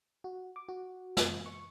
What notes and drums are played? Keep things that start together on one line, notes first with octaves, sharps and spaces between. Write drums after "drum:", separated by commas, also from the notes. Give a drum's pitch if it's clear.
F#4
D6
F#4
drum: snare
C#6